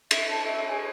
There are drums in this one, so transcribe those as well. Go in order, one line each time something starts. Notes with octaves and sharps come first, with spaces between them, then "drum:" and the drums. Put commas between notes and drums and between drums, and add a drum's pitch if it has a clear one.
E5, drum: cymbal
A5
A4 D#5 E5
G#4 C#5 G#5 C#6